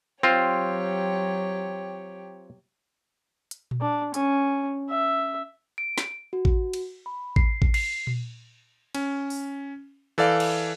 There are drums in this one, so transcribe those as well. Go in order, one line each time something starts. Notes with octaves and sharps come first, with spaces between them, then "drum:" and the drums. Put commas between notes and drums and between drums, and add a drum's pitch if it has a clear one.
F#3 C4 F4 G4 C#5
drum: hi-hat
drum: tom A#2
D4
C#4, drum: hi-hat
E5
D7
drum: snare
F#4
drum: kick A1
drum: cymbal
B5
C7, drum: kick A1
drum: kick A1
C7, drum: cymbal
drum: tom A#2
C#4, drum: cymbal
drum: open hi-hat
E3 A4 D5 F5
drum: cymbal